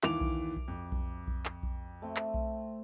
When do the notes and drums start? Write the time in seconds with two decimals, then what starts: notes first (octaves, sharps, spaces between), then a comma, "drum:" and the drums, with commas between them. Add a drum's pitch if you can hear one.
0.03 D#2 E3 D6 F7, drum: clap
0.21 drum: kick B1
0.57 drum: kick B1
0.68 F2
0.92 drum: kick B1
1.28 drum: kick B1
1.45 drum: clap
1.63 drum: kick B1
2.02 A3 C4
2.16 drum: clap
2.34 drum: kick B1